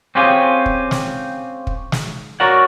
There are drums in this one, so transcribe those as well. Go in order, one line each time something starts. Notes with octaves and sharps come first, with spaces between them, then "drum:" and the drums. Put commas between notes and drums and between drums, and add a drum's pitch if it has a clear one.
C4 C#4 F4 G4 G#4
drum: kick
drum: snare
drum: kick
drum: snare
F#4 A#4 C#5 D5 F#5